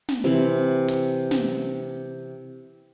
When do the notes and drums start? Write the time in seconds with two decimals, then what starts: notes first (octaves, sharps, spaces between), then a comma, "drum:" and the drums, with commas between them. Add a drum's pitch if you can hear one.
0.09 drum: snare
0.24 C3 E3 C4
0.88 drum: hi-hat
1.31 drum: snare